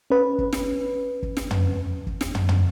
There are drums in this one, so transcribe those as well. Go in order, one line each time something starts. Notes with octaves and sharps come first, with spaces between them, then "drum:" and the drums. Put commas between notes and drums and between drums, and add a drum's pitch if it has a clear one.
C#4 B4
drum: kick
drum: snare
drum: kick
drum: snare
drum: tom
drum: kick
drum: snare
drum: tom
drum: tom